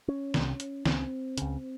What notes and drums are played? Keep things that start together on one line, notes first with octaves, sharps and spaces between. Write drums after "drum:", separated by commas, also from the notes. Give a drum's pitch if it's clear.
C#4
C2 C3, drum: snare
drum: hi-hat
C#2 C#3 C4, drum: snare
C#2 C#3, drum: hi-hat